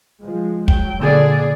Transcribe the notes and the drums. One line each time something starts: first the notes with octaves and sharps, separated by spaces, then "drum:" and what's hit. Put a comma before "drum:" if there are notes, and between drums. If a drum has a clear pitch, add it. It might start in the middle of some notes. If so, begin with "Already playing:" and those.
F3 G#3
F#3 G5, drum: kick
A#2 D3 G#4 D5